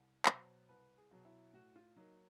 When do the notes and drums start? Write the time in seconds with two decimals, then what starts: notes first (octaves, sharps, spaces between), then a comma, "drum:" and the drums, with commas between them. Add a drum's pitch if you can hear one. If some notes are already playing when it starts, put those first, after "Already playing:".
Already playing: C2
0.26 B2 F#3 C5, drum: clap
0.69 C2 B4
0.98 G#4
1.11 B2 F#3
1.25 E4
1.53 A2 F#4
1.76 F4
1.96 F#3 A#3 D#4